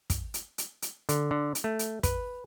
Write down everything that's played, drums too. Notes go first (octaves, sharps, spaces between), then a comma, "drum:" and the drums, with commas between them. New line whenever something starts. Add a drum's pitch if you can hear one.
drum: kick, hi-hat
drum: hi-hat
drum: hi-hat
drum: hi-hat
D3, drum: hi-hat
D3
drum: hi-hat
A3
drum: hi-hat
B4, drum: kick, hi-hat